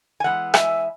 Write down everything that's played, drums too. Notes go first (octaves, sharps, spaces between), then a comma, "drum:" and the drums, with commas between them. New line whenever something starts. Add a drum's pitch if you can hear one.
G#5
E3 G#3 B3 F#5
E5 G#5, drum: rim click